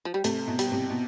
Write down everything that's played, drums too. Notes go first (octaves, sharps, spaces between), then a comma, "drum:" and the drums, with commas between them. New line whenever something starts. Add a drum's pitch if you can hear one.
F3
G3
C3 A3, drum: hi-hat
B2
G3, drum: hi-hat
C3
B2